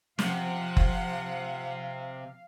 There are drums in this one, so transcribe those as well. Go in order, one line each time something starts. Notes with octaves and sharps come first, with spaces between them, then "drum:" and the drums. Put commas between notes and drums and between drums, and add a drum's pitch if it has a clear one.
C3 F3 F5 F#5, drum: snare
drum: kick F#1